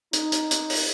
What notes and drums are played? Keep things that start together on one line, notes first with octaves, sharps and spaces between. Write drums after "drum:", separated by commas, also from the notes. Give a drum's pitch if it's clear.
D#4, drum: hi-hat
drum: hi-hat
drum: hi-hat
drum: open hi-hat